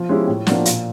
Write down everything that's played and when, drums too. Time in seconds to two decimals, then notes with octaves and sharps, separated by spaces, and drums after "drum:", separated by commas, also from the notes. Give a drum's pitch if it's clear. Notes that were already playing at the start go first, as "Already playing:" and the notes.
Already playing: F3
0.09 G#3 C#4 E4 G4
0.28 A2
0.47 F3 A#3 D4 F#4, drum: snare
0.65 A#2, drum: hi-hat